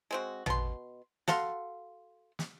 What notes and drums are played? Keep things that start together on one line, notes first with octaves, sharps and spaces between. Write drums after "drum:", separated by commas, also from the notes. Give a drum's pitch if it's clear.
G#3 C4 F#4
B2 C6, drum: tom A1
F#4 A4 F5 C6, drum: snare
drum: snare